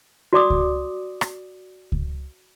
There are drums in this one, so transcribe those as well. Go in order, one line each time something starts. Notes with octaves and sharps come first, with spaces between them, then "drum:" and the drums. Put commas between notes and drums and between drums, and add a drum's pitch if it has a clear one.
F#4 D5 D6 D#6
drum: kick C#2
drum: rim click
drum: kick C#2